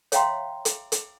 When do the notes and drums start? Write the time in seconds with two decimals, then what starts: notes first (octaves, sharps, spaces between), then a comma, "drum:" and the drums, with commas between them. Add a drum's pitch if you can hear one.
0.12 C#5 E5 F5 G5 A#5 C6, drum: hi-hat
0.65 drum: hi-hat
0.92 drum: hi-hat